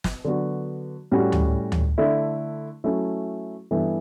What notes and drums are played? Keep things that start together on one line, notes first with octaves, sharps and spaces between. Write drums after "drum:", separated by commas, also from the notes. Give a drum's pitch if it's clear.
drum: snare
D3 F#3 B3 F#4
A2 G3 C#4 F#4
drum: tom D2
drum: tom D2
D3 A3 E4
F#3 A3 C#4 E4
G2 E3 B3 E4 A4